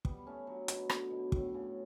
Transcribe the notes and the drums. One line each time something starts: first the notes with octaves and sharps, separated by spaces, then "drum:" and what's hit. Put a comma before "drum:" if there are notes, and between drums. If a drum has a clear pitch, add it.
G3 B3, drum: kick
A3 C#4
D3 F#3
B2, drum: hi-hat
D3, drum: rim click
B2
A2, drum: kick
C#3